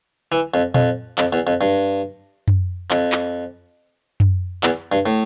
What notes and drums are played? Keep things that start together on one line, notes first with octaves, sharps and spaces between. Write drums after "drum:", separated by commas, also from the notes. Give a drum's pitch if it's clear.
E3
F2
F2, drum: tom A#2
F2, drum: clap
E2
F2
G2
drum: tom F#2
F2, drum: clap
drum: clap
drum: tom F#2
E2, drum: clap
G2
A2